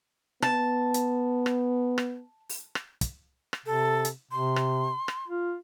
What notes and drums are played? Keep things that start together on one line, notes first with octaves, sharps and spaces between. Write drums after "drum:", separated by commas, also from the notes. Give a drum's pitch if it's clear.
B3 A5, drum: rim click
drum: hi-hat
drum: rim click
drum: rim click
drum: open hi-hat
drum: rim click
drum: kick, hi-hat
drum: rim click
C3 A4
drum: hi-hat
C3 C6
drum: rim click
drum: rim click
F4